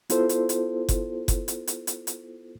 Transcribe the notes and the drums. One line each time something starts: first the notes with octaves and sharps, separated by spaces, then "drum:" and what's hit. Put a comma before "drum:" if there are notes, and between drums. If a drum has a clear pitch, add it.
B3 E4 F4 A4 C5, drum: hi-hat
drum: hi-hat
drum: hi-hat
drum: kick F#1, hi-hat
drum: kick F#1, hi-hat
drum: hi-hat
drum: hi-hat
drum: hi-hat
drum: hi-hat